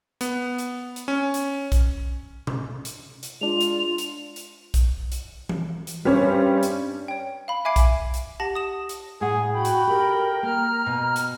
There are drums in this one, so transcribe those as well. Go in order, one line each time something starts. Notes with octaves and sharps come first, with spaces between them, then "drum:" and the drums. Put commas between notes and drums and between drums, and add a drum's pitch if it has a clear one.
B3, drum: hi-hat
drum: hi-hat
drum: hi-hat
C#4
drum: hi-hat
drum: kick B1, hi-hat
drum: tom B2
drum: hi-hat
drum: hi-hat
G#3 D4 F4 F7
drum: hi-hat
drum: hi-hat
drum: hi-hat
drum: kick B1, hi-hat
drum: hi-hat
drum: tom E3
drum: hi-hat
G2 G3 C4 C#4
drum: hi-hat
C#5 G5
F5 B5
E5 G#5 D6 G#6 C7 D7
drum: kick B1, hi-hat
drum: hi-hat
G4 F#5 A5 A#6 F#7
D#6 E7
drum: hi-hat
A2 G#4 F#5
F#4 G5 B5
drum: hi-hat
G4 A4 A#4
A#3 A#5 F6
B2
drum: hi-hat